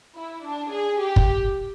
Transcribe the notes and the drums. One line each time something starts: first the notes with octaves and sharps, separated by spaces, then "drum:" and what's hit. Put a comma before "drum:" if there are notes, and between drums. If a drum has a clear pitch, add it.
E4
D4
G#4
G4
drum: kick